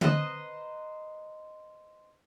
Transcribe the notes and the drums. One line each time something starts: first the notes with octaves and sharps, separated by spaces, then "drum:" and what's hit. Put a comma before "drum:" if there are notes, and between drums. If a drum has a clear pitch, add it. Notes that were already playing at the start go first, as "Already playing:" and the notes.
B4 C5 D#5 A#5, drum: tom D3